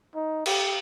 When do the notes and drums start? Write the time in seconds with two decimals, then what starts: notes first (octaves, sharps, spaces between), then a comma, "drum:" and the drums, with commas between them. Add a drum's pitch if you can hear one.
0.15 D#4
0.46 G4, drum: cymbal